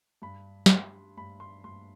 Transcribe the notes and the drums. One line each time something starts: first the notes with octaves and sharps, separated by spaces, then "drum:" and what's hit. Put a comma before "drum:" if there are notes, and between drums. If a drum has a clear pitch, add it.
G2 B5
B5, drum: snare
G3 C6
G2 B5
C6
G2 C6